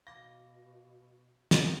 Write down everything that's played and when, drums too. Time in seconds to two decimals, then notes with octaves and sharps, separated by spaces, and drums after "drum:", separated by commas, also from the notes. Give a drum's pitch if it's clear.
0.07 B2 F5 D6 G#6 A#6
1.51 D#3 B3 C#4, drum: snare